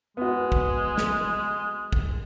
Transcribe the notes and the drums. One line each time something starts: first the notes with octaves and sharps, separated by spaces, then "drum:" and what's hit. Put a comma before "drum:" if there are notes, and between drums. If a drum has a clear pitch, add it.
G#3 B3 F#4
drum: kick
drum: snare
drum: kick